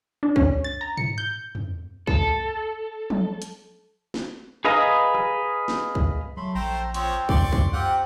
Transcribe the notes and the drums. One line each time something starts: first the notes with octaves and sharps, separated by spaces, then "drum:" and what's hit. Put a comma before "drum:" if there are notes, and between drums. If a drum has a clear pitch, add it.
D4
C#4, drum: kick C2
A6
A#5
C#7, drum: tom G#2
G6
drum: tom E2
A4, drum: kick C2
drum: tom F3
drum: hi-hat
drum: snare
G#4 B4 D#5 F5 A#5
drum: rim click
drum: snare
drum: kick C2
F#3 A3 B5 C6
A#1 A3 C5 G5 A#5
F3 C4 C5 C#5 F#5, drum: hi-hat
F#2 D5 C6 C#6, drum: kick C2
drum: kick C2
C4 F4 G4 F#5 G5